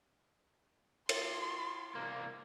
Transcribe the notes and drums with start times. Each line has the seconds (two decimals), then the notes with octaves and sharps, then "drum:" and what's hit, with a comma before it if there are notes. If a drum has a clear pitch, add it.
1.09 C6, drum: cymbal
1.95 C2 A#3